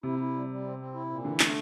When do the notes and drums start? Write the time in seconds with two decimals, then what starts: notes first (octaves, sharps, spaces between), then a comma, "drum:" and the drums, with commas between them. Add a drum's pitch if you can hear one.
0.03 C3 E4
0.19 E4
0.34 G3
0.49 G3
0.63 C4
0.79 C4
0.94 E4
1.10 A#2
1.24 D3 E3
1.40 A3, drum: clap